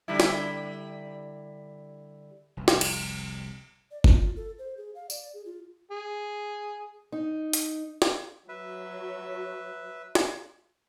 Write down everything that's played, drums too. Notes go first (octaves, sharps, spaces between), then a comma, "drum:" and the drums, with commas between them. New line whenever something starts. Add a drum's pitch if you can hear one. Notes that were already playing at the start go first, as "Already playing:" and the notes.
D3 G3 E4
drum: snare
F1 C2 F2
drum: snare
drum: cymbal
D5
F4, drum: kick G1
A4
C5
G#4
F5
D5, drum: tambourine
G#4
F4
G#4
D#4
drum: hi-hat
drum: snare
F#3 B4 E5
drum: snare